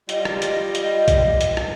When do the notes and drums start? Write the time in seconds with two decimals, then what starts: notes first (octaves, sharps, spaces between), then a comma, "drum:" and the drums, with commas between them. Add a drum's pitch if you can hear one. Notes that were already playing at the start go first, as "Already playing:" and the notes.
0.09 G3 F4 D#5, drum: hi-hat
0.25 drum: rim click
0.42 drum: hi-hat
0.75 drum: hi-hat
1.08 drum: kick B1, hi-hat
1.41 drum: hi-hat
1.57 drum: rim click